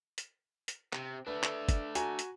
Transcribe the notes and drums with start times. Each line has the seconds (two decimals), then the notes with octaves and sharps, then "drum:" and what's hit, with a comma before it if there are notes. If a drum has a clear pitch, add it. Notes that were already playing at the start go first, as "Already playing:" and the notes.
0.18 drum: hi-hat
0.68 drum: hi-hat
0.93 C3, drum: clap
1.27 A3 D4 B4
1.43 drum: clap
1.69 drum: kick, hi-hat
1.95 F#4 G#5 A#5, drum: hi-hat
2.19 drum: hi-hat